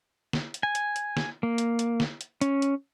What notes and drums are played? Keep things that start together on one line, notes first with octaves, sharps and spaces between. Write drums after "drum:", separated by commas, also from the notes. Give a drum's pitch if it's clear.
drum: snare
drum: hi-hat
G#5
drum: hi-hat
drum: hi-hat
drum: snare
A#3
drum: hi-hat
drum: hi-hat
drum: snare
drum: hi-hat
C#4, drum: hi-hat
drum: hi-hat